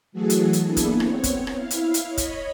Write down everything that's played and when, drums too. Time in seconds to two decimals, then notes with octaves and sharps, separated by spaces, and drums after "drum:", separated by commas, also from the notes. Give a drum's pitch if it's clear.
0.12 E3 F#3 A3 F#4 G#4 A4
0.30 drum: hi-hat
0.53 drum: hi-hat
0.64 A#3 B3 D4 E4 G#4 A4
0.77 drum: kick, hi-hat
1.00 B3 C4 C#5, drum: rim click
1.24 drum: kick, hi-hat
1.47 drum: rim click
1.56 E4 F5
1.71 drum: hi-hat
1.94 drum: hi-hat
2.08 C#5 D#5 B5
2.17 drum: kick, hi-hat